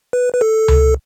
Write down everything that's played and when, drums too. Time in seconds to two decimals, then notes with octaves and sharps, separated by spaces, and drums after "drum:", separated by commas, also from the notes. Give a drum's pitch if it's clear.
0.13 B4
0.34 B4
0.41 A4
0.68 drum: tom C#2